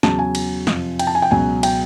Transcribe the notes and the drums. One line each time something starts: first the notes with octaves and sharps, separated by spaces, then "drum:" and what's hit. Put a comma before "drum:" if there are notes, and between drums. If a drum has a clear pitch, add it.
E2 C#3 F#3 A5, drum: snare
G#5
drum: cymbal
F2 C3 F3, drum: snare
G5, drum: cymbal
A5
G#5
G5
C#2 B2 F#3 G#5
G5, drum: cymbal